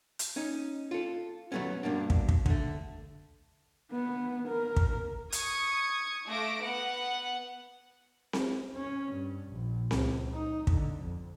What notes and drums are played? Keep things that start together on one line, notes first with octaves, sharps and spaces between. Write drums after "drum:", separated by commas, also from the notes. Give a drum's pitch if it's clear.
drum: hi-hat
C#4 D#4
F4 A4
F#3 G3 A3 B3 C#4
G2 B2 A#3 D4
drum: kick
drum: kick
D3 A3, drum: kick
B3
A#4
drum: kick
C#6 D#6 G#6 C#7, drum: hi-hat
A3 F5 D6 A#6 D7
B3 B4 F#5
drum: snare C4
C#4
G2
A#1
C#2, drum: snare C4
D#4
D3, drum: kick
F2